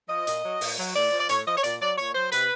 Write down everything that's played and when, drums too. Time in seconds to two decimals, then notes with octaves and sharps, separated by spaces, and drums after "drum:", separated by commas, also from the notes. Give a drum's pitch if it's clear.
0.09 F3 D#5
0.27 A#2, drum: hi-hat
0.45 F#3
0.61 A#2, drum: open hi-hat
0.78 F#3
0.95 A2 D5
1.12 F3
1.19 D5
1.29 A2 C#5, drum: hi-hat
1.46 F3 D#5
1.57 C#5
1.64 A#2 D5, drum: hi-hat
1.80 F#3 D5
1.97 A#2 C#5
2.15 F#3 C5
2.32 C3 B4, drum: hi-hat